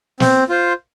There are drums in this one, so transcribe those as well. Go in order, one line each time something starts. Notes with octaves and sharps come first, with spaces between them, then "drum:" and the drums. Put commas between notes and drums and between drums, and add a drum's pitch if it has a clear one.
C4, drum: snare
F4 C5